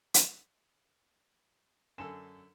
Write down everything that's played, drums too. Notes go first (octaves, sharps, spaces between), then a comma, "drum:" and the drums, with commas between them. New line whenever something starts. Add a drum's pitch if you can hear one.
drum: hi-hat
F#2 D3 A4 G#5 E7